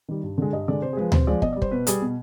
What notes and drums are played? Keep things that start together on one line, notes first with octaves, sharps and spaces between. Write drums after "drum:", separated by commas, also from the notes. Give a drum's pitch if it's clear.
D#3 G3
G2
D3 G#3
G2 D#5
D3 G#3 D5
C3 C5
G#4
F3 G#3 B4
C3 C5, drum: tom D2
F3 G#3 D5
B2 D#5, drum: kick
G3 D5
C5, drum: kick
B2 B4
G3 G#4, drum: hi-hat
B2